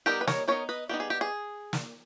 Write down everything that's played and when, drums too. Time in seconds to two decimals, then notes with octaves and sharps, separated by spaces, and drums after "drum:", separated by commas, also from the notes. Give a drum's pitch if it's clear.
0.06 G3 B3 D#4 G4 A#4
0.21 B4
0.27 A#4 C#5, drum: snare
0.48 G3 B3 D#4 A#4 C#5
0.69 B4 D#5
0.89 G3 B3 D#4 G4
1.00 G#4
1.10 G4
1.21 G#4
1.73 drum: snare